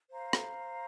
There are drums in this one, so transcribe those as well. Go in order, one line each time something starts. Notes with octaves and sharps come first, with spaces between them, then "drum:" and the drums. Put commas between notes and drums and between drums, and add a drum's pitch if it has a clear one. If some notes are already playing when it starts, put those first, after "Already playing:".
C5 F5 A#5
drum: rim click